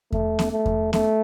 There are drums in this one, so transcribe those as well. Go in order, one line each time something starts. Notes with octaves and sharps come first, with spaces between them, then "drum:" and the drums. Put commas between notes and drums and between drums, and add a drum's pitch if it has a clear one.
A3, drum: kick E2
drum: snare B3
A3
drum: kick E2
A3, drum: snare B3